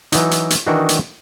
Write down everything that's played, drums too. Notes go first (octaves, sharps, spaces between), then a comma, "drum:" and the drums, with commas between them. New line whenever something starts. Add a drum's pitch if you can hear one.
E3 F#3 D#4, drum: hi-hat
drum: hi-hat
drum: hi-hat
D#3 E3 D4 D#4 F#4
drum: hi-hat